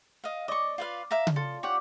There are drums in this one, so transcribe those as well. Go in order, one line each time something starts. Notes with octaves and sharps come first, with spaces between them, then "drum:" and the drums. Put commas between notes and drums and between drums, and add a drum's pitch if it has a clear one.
D#5 F5
D5 D#5 C#6
F4 B4 F5
E5 F5 A#5
drum: tom C#3
F4 A4
G4 C#5 D5 F#5